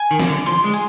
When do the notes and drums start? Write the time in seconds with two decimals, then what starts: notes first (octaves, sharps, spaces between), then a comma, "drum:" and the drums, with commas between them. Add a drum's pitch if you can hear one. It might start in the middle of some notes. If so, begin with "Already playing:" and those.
Already playing: G#5
0.11 D#3
0.19 D5, drum: snare
0.29 D3
0.46 F3 C6
0.64 G#3
0.73 G#4